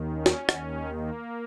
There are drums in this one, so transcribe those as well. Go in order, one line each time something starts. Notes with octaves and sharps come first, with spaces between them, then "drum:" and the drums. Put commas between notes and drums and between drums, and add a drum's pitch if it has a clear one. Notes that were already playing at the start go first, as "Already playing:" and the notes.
Already playing: D#2 D#3
C#4
drum: snare
D#2 D#3, drum: rim click
A#3